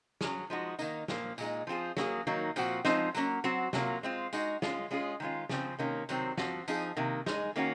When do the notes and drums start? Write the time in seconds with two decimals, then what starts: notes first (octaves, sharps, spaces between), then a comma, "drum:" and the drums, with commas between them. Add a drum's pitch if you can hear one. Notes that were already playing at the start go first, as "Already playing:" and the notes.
0.21 F#3 C#4 G#4, drum: snare
0.50 F3 G#3 D#4 F#4
0.79 D#3 A#3 D#4, drum: tambourine
1.08 A#2 F3 A#3, drum: snare
1.38 A#2 G#3 D#4, drum: tambourine
1.67 F3 C4 F4 G#4
1.97 F#3 A#3 F4 G#4, drum: snare
2.27 D#3 F#3 A#3 D#4
2.56 A#2 F3 C4 F#4, drum: tambourine
2.85 F3 G#3 C4 D#4, drum: snare
3.15 F#3 A#3 C#4, drum: tambourine
3.44 F#3 C4 F#4
3.73 C3 F#3 A#3 F4, drum: snare
4.03 G#3 C4 F4
4.33 G#3 D#4 F#4, drum: tambourine
4.62 G#3 C#4 F4, drum: snare
4.91 G#3 C#4 F4 G#4
5.20 D#3 G#3 C#4 F4
5.49 C#3 F3 C4, drum: snare
5.79 C3 D#3 A#3 C#4
6.09 C3 D#3 F#3 C4, drum: tambourine
6.37 F3 C4 F#4, drum: snare
6.68 F3 C4 D#4 G#4, drum: tambourine
6.97 C3 D#3 A#3
7.26 G#3 D#4 G#4, drum: snare
7.56 D#3 A#3 C#4 F#4